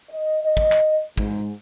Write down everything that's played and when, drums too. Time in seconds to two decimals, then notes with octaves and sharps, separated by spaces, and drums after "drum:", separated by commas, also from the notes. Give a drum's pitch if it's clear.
0.10 D#5
0.44 D#5
0.57 drum: kick
0.72 drum: clap
1.17 G#2, drum: kick